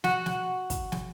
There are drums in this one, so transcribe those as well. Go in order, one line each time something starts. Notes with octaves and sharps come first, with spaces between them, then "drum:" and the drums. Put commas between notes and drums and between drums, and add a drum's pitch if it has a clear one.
F#4, drum: snare
drum: snare
drum: kick, hi-hat
drum: snare